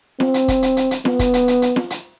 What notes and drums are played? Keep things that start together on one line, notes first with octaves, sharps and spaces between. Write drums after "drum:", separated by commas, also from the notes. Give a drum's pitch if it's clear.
C4, drum: snare
drum: hi-hat
drum: kick, hi-hat
drum: hi-hat
drum: hi-hat
drum: hi-hat
B3, drum: snare
drum: kick, hi-hat
drum: hi-hat
drum: hi-hat
drum: hi-hat
drum: snare
drum: hi-hat